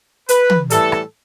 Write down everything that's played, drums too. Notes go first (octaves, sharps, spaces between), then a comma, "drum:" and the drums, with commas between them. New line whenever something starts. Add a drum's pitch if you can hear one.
B4, drum: hi-hat
drum: tom
A2 E3 G3 A4, drum: hi-hat
drum: rim click